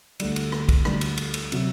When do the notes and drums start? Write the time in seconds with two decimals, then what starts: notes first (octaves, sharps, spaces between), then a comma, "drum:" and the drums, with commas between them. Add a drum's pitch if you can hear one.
0.20 D2 D3 G3, drum: cymbal
0.36 drum: cymbal
0.52 drum: rim click
0.69 drum: kick, cymbal
0.85 D2 D3 G3, drum: rim click
1.01 drum: cymbal
1.17 drum: cymbal
1.34 drum: cymbal
1.52 C3 F#3, drum: cymbal